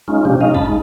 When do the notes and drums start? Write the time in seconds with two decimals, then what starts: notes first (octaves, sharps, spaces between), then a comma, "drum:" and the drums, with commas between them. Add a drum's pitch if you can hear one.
0.08 G#3 C#4 D#4 F4
0.25 C3 F3 G#3 D4 G4
0.41 G#3 C#4 D#4 D#5 F5
0.55 A5 B5, drum: kick
0.66 G#3 D#4